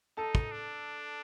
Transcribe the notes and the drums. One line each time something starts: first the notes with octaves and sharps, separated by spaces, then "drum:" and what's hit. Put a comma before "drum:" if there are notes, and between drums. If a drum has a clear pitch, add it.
D#4 A4 A5
drum: kick
D4